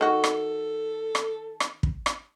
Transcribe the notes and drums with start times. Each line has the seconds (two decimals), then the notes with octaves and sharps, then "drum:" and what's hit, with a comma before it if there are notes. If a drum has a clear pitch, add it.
0.01 D#3 F#4 A4
0.24 drum: rim click
1.15 drum: rim click
1.60 drum: rim click
1.83 drum: kick
2.06 drum: rim click